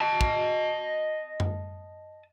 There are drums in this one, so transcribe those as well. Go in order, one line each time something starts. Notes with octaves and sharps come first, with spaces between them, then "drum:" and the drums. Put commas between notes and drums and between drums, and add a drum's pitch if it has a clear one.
D#5 A5
drum: kick
drum: tom F#2